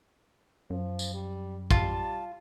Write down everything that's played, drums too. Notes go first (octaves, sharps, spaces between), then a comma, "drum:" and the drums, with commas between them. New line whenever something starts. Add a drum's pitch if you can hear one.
F#2 F3
drum: tambourine
G3
G3 F4 A5, drum: kick